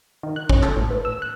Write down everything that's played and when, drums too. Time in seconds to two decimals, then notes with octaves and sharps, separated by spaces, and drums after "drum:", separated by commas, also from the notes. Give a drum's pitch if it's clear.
0.23 D#3
0.36 F#6
0.49 C#4, drum: kick
0.63 A4, drum: clap
0.76 A1
0.91 B4
1.05 E6
1.22 F#6